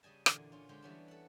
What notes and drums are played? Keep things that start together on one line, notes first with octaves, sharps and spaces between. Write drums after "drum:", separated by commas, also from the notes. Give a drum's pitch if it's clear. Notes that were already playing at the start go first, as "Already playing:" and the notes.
C#3 G3 D#5 G#5 A5
E2 A#2 D3 G#5, drum: rim click
D3 C#4 F4
D3 G#3 G4 C5
E3 G3 B3 C#4 D4
A4 F#5